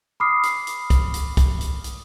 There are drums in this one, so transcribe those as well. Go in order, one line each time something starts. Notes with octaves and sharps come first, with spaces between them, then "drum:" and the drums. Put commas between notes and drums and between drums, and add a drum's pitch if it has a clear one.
B5 D6 D#6 F6 C7
drum: hi-hat
drum: hi-hat
drum: kick, hi-hat
drum: hi-hat
drum: kick, hi-hat
drum: hi-hat
drum: hi-hat